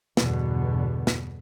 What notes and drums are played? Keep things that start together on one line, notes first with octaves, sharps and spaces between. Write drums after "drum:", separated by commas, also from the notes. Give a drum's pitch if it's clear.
E2 G2 B2 D3 B3, drum: snare
drum: snare